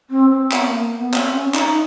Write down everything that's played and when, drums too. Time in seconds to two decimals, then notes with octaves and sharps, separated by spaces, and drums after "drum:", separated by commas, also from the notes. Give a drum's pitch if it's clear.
0.10 C4
0.30 C4
0.51 B3, drum: clap
0.67 A#3
0.98 B3
1.14 C4, drum: clap
1.33 C#4
1.54 D#4, drum: clap